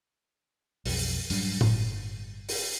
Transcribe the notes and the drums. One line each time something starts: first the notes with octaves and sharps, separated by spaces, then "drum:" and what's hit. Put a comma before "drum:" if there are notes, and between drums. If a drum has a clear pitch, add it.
B1 F2, drum: open hi-hat
G#2 F#3 G3 D4, drum: open hi-hat
G1, drum: tom A2
drum: open hi-hat